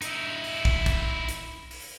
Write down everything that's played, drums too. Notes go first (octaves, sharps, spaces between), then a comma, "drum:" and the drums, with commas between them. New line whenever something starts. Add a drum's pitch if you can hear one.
D#4 E4, drum: hi-hat
drum: open hi-hat
drum: kick
drum: kick, hi-hat
drum: hi-hat
drum: open hi-hat